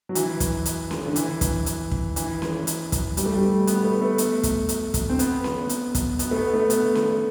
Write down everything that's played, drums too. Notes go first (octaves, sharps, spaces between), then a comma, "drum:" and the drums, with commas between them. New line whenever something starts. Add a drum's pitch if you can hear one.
F#3
E3, drum: hi-hat
drum: kick, hi-hat
drum: hi-hat
drum: snare C#4
D3
E3, drum: hi-hat
drum: kick, hi-hat
drum: hi-hat
drum: kick
E3, drum: hi-hat
drum: snare C#4
drum: hi-hat
drum: kick, hi-hat
G3, drum: hi-hat
A3
G3
B3, drum: hi-hat
A3
A3
drum: hi-hat
drum: kick, hi-hat
drum: hi-hat
drum: kick, hi-hat
C4
B3, drum: hi-hat
drum: snare C#4
drum: hi-hat
drum: kick, hi-hat
B3, drum: hi-hat
A3
B3
A3
B3, drum: hi-hat
drum: snare C#4